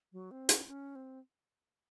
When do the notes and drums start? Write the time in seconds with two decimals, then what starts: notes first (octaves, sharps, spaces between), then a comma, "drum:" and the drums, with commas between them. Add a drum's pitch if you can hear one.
0.13 F#3
0.31 C4
0.49 C#4, drum: hi-hat
0.68 C#4
0.96 C4